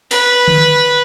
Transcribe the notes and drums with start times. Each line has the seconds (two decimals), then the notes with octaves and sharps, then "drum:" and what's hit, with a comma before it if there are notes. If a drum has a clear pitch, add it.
0.11 B4, drum: hi-hat
0.48 drum: tom D3